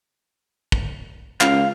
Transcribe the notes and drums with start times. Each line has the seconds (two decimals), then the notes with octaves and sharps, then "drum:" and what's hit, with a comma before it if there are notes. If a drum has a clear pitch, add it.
0.72 drum: kick
1.41 C#2 F5, drum: clap